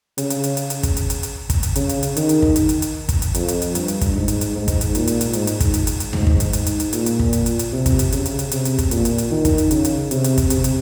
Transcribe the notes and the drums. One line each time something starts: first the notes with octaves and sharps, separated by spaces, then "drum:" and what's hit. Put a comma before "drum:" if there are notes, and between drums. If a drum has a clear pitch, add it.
C#3, drum: hi-hat
drum: hi-hat
drum: hi-hat
drum: hi-hat
drum: hi-hat
drum: kick, hi-hat
drum: hi-hat
drum: hi-hat
drum: hi-hat
drum: kick, hi-hat
drum: hi-hat
C#3, drum: hi-hat
drum: hi-hat
drum: hi-hat
D#3, drum: hi-hat
drum: hi-hat
drum: kick
drum: hi-hat
drum: hi-hat
drum: hi-hat
drum: kick, hi-hat
drum: hi-hat
F2, drum: hi-hat
drum: hi-hat
drum: hi-hat
G2, drum: hi-hat
drum: hi-hat
drum: kick, hi-hat
G#2
drum: hi-hat
drum: hi-hat
G#2
drum: kick, hi-hat
drum: hi-hat
A#2, drum: hi-hat
drum: hi-hat
drum: hi-hat
G#2, drum: hi-hat
drum: hi-hat
drum: kick, hi-hat
drum: hi-hat
drum: hi-hat
drum: hi-hat
G#2, drum: tom D#2
drum: kick
drum: hi-hat
drum: hi-hat
drum: hi-hat
drum: hi-hat
A#2, drum: hi-hat
drum: hi-hat
drum: kick
drum: hi-hat
drum: hi-hat
drum: hi-hat
C3
drum: kick, hi-hat
drum: hi-hat
C#3, drum: hi-hat
drum: hi-hat
drum: hi-hat
C3, drum: hi-hat
drum: hi-hat
drum: kick, hi-hat
A#2, drum: hi-hat
drum: hi-hat
drum: hi-hat
D#3
drum: kick, hi-hat
drum: hi-hat
C#3, drum: hi-hat
drum: hi-hat
C3, drum: hi-hat
drum: hi-hat
drum: kick, hi-hat
C3, drum: hi-hat
drum: hi-hat